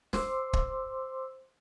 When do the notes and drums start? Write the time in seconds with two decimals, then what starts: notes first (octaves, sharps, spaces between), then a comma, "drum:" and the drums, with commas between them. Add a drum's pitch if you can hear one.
0.13 C5 C6 D6 E6, drum: snare
0.53 drum: kick